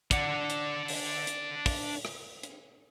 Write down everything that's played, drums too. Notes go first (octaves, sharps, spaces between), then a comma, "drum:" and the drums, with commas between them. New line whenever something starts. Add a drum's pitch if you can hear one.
D4 F#5, drum: kick, hi-hat
drum: hi-hat
drum: open hi-hat
drum: hi-hat
drum: kick, open hi-hat
drum: rim click
drum: hi-hat